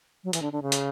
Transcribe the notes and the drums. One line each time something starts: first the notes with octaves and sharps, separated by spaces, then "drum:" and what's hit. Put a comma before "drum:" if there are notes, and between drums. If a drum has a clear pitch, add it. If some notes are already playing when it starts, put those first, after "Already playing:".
F#3
E3, drum: hi-hat
D3
D3
C#3
drum: hi-hat